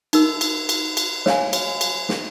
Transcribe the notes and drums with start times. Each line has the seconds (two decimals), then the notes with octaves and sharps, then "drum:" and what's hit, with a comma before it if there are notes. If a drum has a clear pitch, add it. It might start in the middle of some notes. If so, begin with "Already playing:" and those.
0.13 D#4 A#4, drum: cymbal
0.41 drum: cymbal
0.69 drum: cymbal
0.97 drum: cymbal
1.26 C#5 F5 G#5, drum: snare
1.53 drum: cymbal
1.81 drum: cymbal
2.09 drum: snare